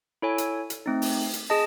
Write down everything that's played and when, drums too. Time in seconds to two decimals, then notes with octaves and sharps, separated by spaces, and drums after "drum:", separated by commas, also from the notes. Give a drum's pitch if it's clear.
0.22 E4 A4 C#5 G#5
0.38 drum: hi-hat
0.70 drum: hi-hat
0.86 A3 C4 D#4
1.02 drum: open hi-hat
1.33 drum: hi-hat
1.50 G#4 D#5 A5